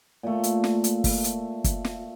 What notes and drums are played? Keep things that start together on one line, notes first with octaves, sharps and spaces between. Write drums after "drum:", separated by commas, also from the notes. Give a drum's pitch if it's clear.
A#2 A3
drum: hi-hat
drum: snare
drum: hi-hat
drum: kick, open hi-hat
drum: hi-hat
drum: kick, hi-hat
drum: snare